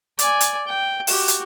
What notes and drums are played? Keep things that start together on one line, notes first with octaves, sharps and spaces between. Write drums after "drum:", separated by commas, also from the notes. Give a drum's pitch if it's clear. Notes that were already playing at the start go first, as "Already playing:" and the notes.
D5 G#5, drum: hi-hat
drum: hi-hat
G5
F#4 G4, drum: open hi-hat
drum: hi-hat